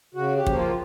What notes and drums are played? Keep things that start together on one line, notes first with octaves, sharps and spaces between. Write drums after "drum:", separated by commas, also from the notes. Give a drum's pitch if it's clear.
C#3 F#4
G4
F3 A#3, drum: kick
F4